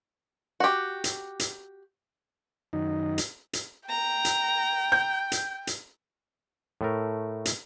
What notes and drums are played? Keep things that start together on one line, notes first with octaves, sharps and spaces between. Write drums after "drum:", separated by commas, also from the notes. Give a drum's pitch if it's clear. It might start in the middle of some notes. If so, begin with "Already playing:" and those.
F#4 G4
drum: hi-hat
drum: hi-hat
F#2 D#3 D#4
drum: hi-hat
drum: hi-hat
G5 A#5
drum: hi-hat
G6
drum: hi-hat
drum: hi-hat
A2 A3 A#4
drum: hi-hat